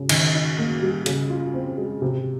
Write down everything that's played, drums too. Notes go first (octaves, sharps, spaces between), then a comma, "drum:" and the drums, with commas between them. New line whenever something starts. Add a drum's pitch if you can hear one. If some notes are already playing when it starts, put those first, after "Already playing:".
Already playing: C#3
D#3, drum: cymbal
D#4
A#3
G3
C#3, drum: hi-hat
F4
C4
G#3
C3